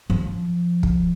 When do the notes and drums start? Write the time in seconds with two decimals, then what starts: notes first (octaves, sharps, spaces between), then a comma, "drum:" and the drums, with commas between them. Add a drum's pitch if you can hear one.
0.10 F3
0.83 drum: kick